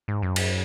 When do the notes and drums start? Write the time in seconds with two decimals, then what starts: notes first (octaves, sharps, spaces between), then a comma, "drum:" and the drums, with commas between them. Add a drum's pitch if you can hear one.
0.08 G#2
0.22 F#2
0.36 drum: cymbal